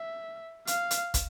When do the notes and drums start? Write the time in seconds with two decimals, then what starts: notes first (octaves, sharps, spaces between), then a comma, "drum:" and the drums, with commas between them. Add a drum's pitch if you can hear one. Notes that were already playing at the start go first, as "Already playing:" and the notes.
Already playing: E5
0.67 F5, drum: hi-hat
0.91 drum: hi-hat
1.14 drum: kick, hi-hat